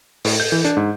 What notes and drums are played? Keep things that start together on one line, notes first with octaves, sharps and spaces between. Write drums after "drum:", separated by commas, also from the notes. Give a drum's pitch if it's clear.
A2, drum: open hi-hat
G6
E3
D4, drum: hi-hat
G#2